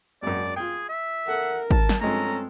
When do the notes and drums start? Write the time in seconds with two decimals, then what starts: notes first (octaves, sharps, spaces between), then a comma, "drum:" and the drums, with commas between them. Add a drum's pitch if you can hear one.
0.22 G#1 F#2 D5
0.56 F4 G#4 G5
0.89 E5
1.28 A4 A#4 F#5
1.71 A5, drum: kick G#1
1.89 drum: snare
2.01 G2 F3 G#3 C4 C#4 A4 A#5